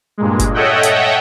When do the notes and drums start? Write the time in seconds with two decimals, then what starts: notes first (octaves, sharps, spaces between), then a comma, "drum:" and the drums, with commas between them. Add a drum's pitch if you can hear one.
0.18 G2 A#2 G#3
0.39 drum: kick F#1, hi-hat
0.54 A4 C#5 D#5 E5 F#5 G5
0.83 drum: hi-hat